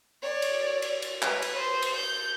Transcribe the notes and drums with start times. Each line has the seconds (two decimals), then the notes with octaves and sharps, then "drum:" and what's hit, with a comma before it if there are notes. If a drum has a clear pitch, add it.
0.22 C#5 D5
0.42 drum: cymbal
0.82 drum: cymbal
1.02 drum: cymbal
1.22 B4 C#5, drum: clap
1.42 drum: cymbal
1.58 C5
1.82 drum: cymbal
1.96 G6